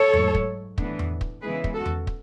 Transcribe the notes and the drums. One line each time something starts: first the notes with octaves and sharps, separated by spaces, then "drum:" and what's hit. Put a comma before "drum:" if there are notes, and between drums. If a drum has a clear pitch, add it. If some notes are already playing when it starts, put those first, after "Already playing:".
Already playing: A4 C#5
G#2 F#3 A3, drum: tom E2
drum: kick
A2 E3 B3 D4, drum: kick
drum: tom E2
drum: kick
C#3 E3 G#3 B3 E4 G#4 B4
drum: kick
F#4 A4
drum: tom E2
drum: kick